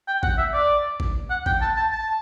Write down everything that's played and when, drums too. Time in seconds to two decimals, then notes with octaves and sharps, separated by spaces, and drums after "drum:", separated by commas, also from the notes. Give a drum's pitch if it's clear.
0.08 G5
0.23 F#5, drum: kick A1
0.38 E5
0.54 D5
1.00 drum: kick A1
1.30 F#5
1.46 G5, drum: kick A1
1.61 A5
1.77 A5
1.92 A5